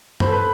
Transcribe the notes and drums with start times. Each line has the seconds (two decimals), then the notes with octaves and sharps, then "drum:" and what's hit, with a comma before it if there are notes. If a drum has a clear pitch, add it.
0.20 C5 B5, drum: tom F#2
0.26 A4
0.32 B4